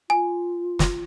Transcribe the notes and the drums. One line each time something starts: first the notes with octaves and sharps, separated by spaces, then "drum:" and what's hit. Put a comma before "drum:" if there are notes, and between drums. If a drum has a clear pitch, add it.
F4 G#5
drum: snare